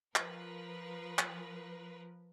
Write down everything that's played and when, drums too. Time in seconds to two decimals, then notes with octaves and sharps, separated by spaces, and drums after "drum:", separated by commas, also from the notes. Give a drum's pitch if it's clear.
0.16 F3 A#4 B4, drum: clap
1.19 drum: clap